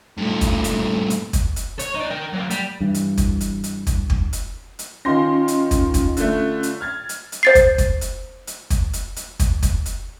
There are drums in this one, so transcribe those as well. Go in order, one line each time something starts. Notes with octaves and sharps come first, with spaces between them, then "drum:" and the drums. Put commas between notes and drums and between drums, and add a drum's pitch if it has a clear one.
G2 A#2 A3
drum: kick, hi-hat
drum: hi-hat
drum: hi-hat
drum: kick, hi-hat
drum: hi-hat
C#5, drum: hi-hat
D#4 D5
A#4 G5
F#3 A#3
G3, drum: hi-hat
G2 E3
drum: hi-hat
drum: kick, hi-hat
drum: hi-hat
drum: hi-hat
drum: kick, hi-hat
drum: kick
drum: hi-hat
drum: hi-hat
D#3 C#4 F4 C6 A#6
drum: hi-hat
drum: kick, hi-hat
drum: kick, hi-hat
D3 A3, drum: hi-hat
drum: hi-hat
F6 G#6 A6
drum: hi-hat
drum: hi-hat
C5 A6 C7
drum: kick, hi-hat
drum: kick, hi-hat
drum: hi-hat
drum: hi-hat
drum: kick, hi-hat
drum: hi-hat
drum: hi-hat
drum: kick, hi-hat
drum: kick, hi-hat
drum: hi-hat